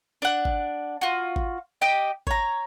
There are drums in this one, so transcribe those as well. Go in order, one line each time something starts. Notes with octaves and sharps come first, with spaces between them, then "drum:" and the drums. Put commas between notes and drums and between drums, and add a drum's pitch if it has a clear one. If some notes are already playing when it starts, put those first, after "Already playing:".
D4 F#5
drum: kick G#1
F4 F#4
drum: kick G#1
G4 D#5 G5
C#5 A#5, drum: kick G#1